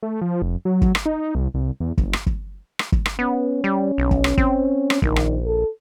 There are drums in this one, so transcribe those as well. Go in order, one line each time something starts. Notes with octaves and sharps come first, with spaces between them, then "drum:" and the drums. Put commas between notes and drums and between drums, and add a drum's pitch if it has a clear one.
A3
F3
F1
F#3
drum: kick
drum: rim click
D#4
C2
C2
E2
F#1, drum: kick
drum: rim click
drum: kick
drum: rim click
drum: kick
drum: rim click
B3 C#4
G3
B1
drum: kick
drum: rim click
C4, drum: kick
drum: rim click
A#1 D#3, drum: kick
drum: rim click
A4